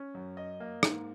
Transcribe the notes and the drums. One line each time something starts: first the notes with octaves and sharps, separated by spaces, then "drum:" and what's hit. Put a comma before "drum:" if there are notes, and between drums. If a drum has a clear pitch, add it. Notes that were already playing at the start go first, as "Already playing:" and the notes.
Already playing: C#4
F#2
D#5
A#3
G#2, drum: rim click